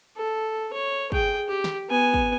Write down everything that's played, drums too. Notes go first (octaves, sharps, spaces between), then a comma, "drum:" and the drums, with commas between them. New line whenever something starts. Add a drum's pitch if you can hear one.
A4
C#5
G#4 G5, drum: kick
G4
drum: snare
B3 G#5
drum: kick